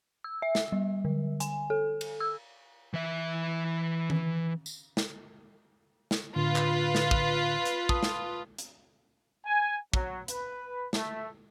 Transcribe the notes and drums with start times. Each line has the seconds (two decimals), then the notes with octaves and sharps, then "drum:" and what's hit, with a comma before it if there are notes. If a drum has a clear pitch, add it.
0.24 E6
0.42 E5
0.55 drum: snare
0.72 G3
1.05 D3
1.40 G#5, drum: hi-hat
1.70 A4
2.01 drum: cymbal
2.20 E6
2.94 E3 E5
4.10 drum: tom D#3
4.66 drum: tambourine
4.97 drum: snare
6.11 drum: snare
6.36 A2 D3 F4 B4
6.56 drum: clap
6.95 drum: snare
7.11 drum: kick
7.65 drum: hi-hat
7.89 A5 D#6, drum: kick
8.03 drum: snare
8.58 drum: hi-hat
9.45 G#5
9.94 F#3, drum: kick
10.28 B4, drum: hi-hat
10.93 A3, drum: snare